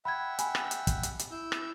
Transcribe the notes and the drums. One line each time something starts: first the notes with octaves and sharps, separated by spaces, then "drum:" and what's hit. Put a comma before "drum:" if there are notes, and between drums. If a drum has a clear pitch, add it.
E5 F#5 G5 B5 G#6
G#5 B5, drum: hi-hat
drum: rim click
drum: hi-hat
drum: kick, hi-hat
drum: hi-hat
drum: hi-hat
E4 E6 G6
drum: rim click